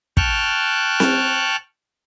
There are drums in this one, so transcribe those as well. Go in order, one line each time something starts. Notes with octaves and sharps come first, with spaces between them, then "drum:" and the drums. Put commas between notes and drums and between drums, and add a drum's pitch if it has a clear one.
G5 A5 C#6 F6 F#6, drum: kick
drum: snare C4